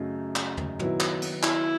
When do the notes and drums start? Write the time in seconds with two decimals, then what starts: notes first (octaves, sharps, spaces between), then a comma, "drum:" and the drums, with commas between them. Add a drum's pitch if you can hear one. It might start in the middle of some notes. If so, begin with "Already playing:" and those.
Already playing: F#2 C#3 F#3 A3 D#4
0.36 drum: clap
0.57 drum: tom
0.79 D#3 F#3 B3 E4, drum: tom
1.00 drum: clap
1.22 drum: cymbal
1.43 E4, drum: clap